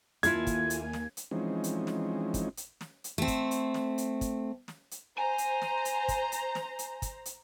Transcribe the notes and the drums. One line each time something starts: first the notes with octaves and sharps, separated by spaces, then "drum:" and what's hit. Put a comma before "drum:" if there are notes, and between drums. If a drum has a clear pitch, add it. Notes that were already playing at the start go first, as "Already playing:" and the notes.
D#2 A#3 E4 F4 A4 G#5 G#6, drum: hi-hat
drum: kick, hi-hat
drum: hi-hat
drum: snare
drum: hi-hat
E3 F3 G#3 C4 C#4 D#4
drum: hi-hat
drum: snare
drum: kick, hi-hat
drum: hi-hat
drum: snare
drum: hi-hat
A3 C4
drum: kick, hi-hat
drum: hi-hat
drum: snare
drum: hi-hat
drum: kick, hi-hat
drum: snare
drum: hi-hat
C5 G#5 A#5
drum: hi-hat
drum: snare
drum: hi-hat
drum: kick, hi-hat
drum: hi-hat
drum: snare
drum: hi-hat
drum: kick, hi-hat
drum: hi-hat